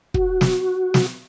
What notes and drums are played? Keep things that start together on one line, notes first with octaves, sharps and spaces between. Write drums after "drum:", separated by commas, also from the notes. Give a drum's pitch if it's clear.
F#4, drum: kick
drum: snare
drum: snare